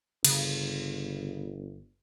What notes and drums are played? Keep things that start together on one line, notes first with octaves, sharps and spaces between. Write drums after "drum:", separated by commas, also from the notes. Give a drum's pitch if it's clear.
G1 C#3, drum: cymbal